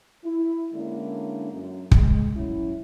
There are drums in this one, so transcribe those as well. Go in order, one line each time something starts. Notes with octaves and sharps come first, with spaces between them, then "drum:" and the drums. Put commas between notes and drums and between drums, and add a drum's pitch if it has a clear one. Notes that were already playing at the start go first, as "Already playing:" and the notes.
E4
D3 G#3 A#3 C#4 D4 E4
F#2
G#3, drum: kick
F#3 C#4 E4